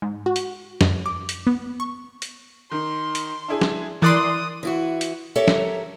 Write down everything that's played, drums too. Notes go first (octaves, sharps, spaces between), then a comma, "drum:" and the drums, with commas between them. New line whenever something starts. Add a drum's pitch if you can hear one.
G#2
F#4
drum: hi-hat
F#2, drum: snare
D6
drum: hi-hat
B3
C#6
drum: hi-hat
D#3 C6
drum: hi-hat
D4 E4 G#4
drum: snare
E3 A#4 D5 C6 D#6 F#6 A6
E3 E4 F#4
drum: hi-hat
G4 A4 A#4 C#5 E5
drum: snare